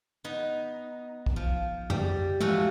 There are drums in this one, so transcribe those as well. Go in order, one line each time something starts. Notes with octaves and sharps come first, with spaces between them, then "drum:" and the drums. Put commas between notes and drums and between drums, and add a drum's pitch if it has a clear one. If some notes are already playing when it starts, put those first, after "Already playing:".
B3 D#4
drum: kick
F3
G3, drum: tom F2
A2 E3 F3 E4 F#4 F#5, drum: tom G#3